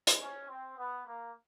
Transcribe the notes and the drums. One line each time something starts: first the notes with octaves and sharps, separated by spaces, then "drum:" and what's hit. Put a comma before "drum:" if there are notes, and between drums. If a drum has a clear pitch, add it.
drum: hi-hat
C#4
C4
B3
A#3